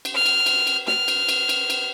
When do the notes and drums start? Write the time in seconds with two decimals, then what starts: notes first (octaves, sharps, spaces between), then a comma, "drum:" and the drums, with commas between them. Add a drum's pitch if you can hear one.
0.05 drum: cymbal
0.15 F6
0.26 drum: cymbal
0.46 drum: cymbal
0.67 drum: cymbal
0.87 F6, drum: snare
1.08 drum: cymbal
1.29 drum: cymbal
1.49 drum: cymbal
1.70 drum: cymbal